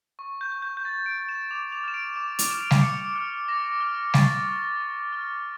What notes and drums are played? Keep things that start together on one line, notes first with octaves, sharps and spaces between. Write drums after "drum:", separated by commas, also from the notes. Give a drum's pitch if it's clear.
C#6
G6
G6
G6
G6
C#6 A6
D7
G6
E7
D6 F7
F7
F6 E7
D7
D6 E7
F7, drum: hi-hat
F6 E7
D7
drum: snare G3
D6 C#7
F6
D6 A#6
F6
C#6 A6, drum: snare G3
F6
C#6
F6